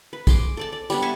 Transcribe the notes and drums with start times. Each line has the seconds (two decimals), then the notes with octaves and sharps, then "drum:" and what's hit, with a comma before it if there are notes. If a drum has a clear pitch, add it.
0.13 B4
0.27 G#4 C6 D6, drum: kick, tambourine
0.57 A4 D5 A5
0.72 D5
0.90 G3 B3 D4, drum: tambourine
1.02 E5 G#5 A5 C#6